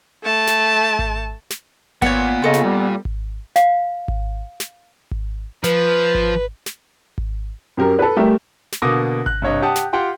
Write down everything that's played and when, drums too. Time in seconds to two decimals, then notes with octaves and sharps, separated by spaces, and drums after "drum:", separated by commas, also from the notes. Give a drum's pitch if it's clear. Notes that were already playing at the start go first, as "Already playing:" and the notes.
0.23 A3 A5
0.47 drum: snare
0.99 drum: kick G#1
1.50 drum: snare
2.02 A#2 B3 C#5 F#5, drum: kick G#1
2.42 C#3 F4 A4 D#5
2.54 drum: snare
2.64 G3
3.05 drum: kick G#1
3.56 F5, drum: snare
4.08 drum: kick G#1
4.60 drum: snare
5.11 drum: kick G#1
5.64 F3 B4, drum: snare
6.15 drum: kick G#1
6.66 drum: snare
7.18 drum: kick G#1
7.77 F#2 G4 A#4
7.99 A4 B4
8.16 G3 A3 G4 A#4 E5
8.72 drum: snare
8.82 B2 D3 A#3 D6 D#6 A#6
9.26 F#6, drum: kick G#1
9.42 G2 C3 C#5 D#5
9.62 G4 F#5 A5 D#6
9.76 drum: snare
9.93 F4 G4 F#5 G5 C6